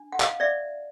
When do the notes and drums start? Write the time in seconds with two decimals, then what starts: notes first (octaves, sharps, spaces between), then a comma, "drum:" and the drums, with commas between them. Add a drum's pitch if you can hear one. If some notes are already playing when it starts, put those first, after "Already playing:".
Already playing: D4
0.12 F#5
0.20 D#5 F5, drum: clap
0.40 D5 E5